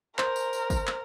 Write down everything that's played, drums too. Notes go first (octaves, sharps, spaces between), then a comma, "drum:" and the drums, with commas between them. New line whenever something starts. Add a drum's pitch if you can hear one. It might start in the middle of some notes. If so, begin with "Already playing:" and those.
A#4 C5, drum: clap
drum: tambourine
drum: tambourine
drum: kick G#1, tambourine
drum: clap